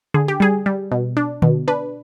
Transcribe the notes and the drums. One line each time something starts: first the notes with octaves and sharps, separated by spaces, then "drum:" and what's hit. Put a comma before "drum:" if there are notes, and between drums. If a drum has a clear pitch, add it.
D3 G#4
G4
G3 G#4
G3
B2
D4
B2, drum: tom D3
D4 B4